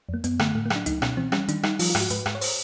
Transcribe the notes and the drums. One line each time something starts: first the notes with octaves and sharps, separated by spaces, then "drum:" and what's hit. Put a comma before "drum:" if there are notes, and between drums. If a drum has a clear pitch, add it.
F2
A#3
F#2 B3, drum: hi-hat
D3 A3, drum: rim click
A2 A3
A#3
F#3, drum: rim click
D4
C#2 D#4, drum: hi-hat
B2 C#4, drum: rim click
E3 C4
G3 C#4, drum: rim click
D#3 D4, drum: hi-hat
G3 D#4, drum: rim click
F3 F4, drum: open hi-hat
F4
G#2, drum: rim click
F#4
G#2 B4, drum: hi-hat
G#2, drum: rim click
C#5
C5, drum: open hi-hat